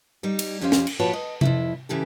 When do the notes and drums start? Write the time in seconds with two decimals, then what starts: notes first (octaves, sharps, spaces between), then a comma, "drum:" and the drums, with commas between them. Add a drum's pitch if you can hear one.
0.23 G3 D#4 G4
0.39 drum: cymbal
0.61 F2 C#4 G4 C5 F5
0.72 drum: snare
0.87 drum: cymbal
0.99 A#2 F3 F#4 B4 C#5 A5
1.13 D#5
1.41 F2 B2 E4, drum: tom C3
1.89 C#3 E3 G4 A4